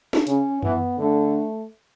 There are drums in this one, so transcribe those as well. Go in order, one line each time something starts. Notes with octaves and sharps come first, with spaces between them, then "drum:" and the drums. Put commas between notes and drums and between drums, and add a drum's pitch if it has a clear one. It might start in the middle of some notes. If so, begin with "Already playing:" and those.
drum: snare
C#3 C#4, drum: hi-hat
E3 B3, drum: tom F#2
D3 A3